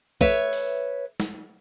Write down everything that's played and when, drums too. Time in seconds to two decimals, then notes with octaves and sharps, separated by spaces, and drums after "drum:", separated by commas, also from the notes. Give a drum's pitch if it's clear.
0.21 B4 C#5 E5, drum: kick
0.53 drum: open hi-hat
1.20 drum: snare